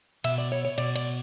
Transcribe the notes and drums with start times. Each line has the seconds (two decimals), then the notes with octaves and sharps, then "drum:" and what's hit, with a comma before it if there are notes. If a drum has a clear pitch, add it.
0.24 B2 E5, drum: cymbal
0.38 D5
0.52 C#5
0.65 C#5
0.78 B2 D5, drum: cymbal
0.96 D5, drum: cymbal